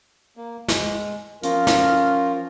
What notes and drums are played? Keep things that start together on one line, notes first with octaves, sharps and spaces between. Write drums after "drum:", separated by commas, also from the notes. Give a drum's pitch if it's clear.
A#3
G#3, drum: snare
F3 C#4 F4 A#4, drum: hi-hat
drum: snare